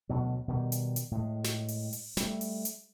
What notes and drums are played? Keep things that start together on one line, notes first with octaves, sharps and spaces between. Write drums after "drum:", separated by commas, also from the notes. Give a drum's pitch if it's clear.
D2 B2 F#3
B2 D#3 G3
drum: hi-hat
drum: hi-hat
A2 G#3
drum: snare
drum: open hi-hat
drum: open hi-hat
G3 A3, drum: snare
drum: open hi-hat
drum: hi-hat